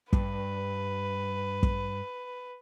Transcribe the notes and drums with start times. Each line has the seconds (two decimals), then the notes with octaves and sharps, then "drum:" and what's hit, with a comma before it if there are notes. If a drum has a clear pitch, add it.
0.13 G2 B4, drum: kick
1.63 drum: kick